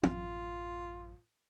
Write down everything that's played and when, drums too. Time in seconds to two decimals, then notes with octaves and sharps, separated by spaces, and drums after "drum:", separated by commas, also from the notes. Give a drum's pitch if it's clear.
0.03 A1 F#2 F4, drum: tom